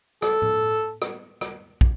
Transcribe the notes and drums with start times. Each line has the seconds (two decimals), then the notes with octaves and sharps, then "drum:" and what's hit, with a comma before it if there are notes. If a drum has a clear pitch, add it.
0.22 A4, drum: rim click
0.42 drum: tom A2
1.02 drum: rim click
1.41 drum: rim click
1.81 drum: kick